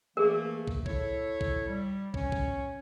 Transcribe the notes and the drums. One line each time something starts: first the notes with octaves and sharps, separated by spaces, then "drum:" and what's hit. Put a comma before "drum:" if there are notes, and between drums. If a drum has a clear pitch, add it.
E3 A3 A#3 G#4 A#4
drum: kick
E4 A4 C#5, drum: kick
drum: kick
G3
C#4 C#5, drum: kick
drum: kick